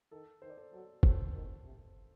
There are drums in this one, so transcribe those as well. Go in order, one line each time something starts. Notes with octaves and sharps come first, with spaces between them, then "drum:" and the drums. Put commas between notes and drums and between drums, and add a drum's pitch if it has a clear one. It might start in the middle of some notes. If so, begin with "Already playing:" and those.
D#3 A4
D#3 C5
D5
A4 C5
F#3 A4
F#3 A4 C5, drum: kick G1
D#3
C3